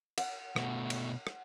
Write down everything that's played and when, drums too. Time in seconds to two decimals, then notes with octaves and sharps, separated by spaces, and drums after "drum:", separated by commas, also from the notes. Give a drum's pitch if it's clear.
0.18 F#5, drum: cymbal
0.56 B2 A3, drum: rim click
0.90 drum: cymbal
1.27 drum: rim click